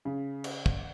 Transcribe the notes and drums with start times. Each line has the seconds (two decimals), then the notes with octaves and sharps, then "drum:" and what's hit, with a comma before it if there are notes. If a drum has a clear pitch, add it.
0.05 C#3
0.44 drum: cymbal
0.66 drum: kick